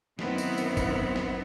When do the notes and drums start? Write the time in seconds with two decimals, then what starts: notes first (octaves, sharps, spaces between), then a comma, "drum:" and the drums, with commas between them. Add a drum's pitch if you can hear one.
0.19 F#2 D#3 B3 C4 E4, drum: snare
0.38 drum: tambourine
0.58 drum: tambourine
0.77 drum: kick, tambourine
1.16 drum: snare